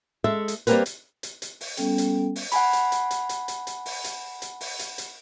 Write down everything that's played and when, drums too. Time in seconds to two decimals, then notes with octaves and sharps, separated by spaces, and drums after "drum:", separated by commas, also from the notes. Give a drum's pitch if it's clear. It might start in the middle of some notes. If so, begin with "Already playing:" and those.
0.24 G#3 A4 E5
0.48 drum: hi-hat
0.67 G3 A#3 C4 G4 A#4 B4, drum: hi-hat
0.86 drum: hi-hat
1.23 drum: hi-hat
1.42 drum: hi-hat
1.61 drum: open hi-hat
1.77 G3 B3 C#4 A4 G5, drum: hi-hat
1.98 drum: hi-hat
2.36 drum: open hi-hat
2.52 F#5 G#5 B5, drum: hi-hat
2.73 drum: hi-hat
2.92 drum: hi-hat
3.11 drum: hi-hat
3.29 drum: hi-hat
3.48 drum: hi-hat
3.67 drum: hi-hat
3.86 drum: open hi-hat
4.04 drum: hi-hat
4.42 drum: hi-hat
4.61 drum: open hi-hat
4.79 drum: hi-hat
4.98 drum: hi-hat